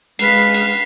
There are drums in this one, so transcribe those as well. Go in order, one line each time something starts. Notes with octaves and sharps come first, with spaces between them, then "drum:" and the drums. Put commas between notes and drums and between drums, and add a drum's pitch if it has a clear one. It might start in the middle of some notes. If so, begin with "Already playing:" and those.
G#3 B4 F5 B6 C7, drum: cymbal
drum: cymbal